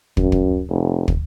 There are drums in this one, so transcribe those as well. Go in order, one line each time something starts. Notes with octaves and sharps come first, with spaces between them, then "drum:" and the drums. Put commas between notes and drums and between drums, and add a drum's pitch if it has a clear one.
F#2, drum: kick
drum: kick
F1
drum: kick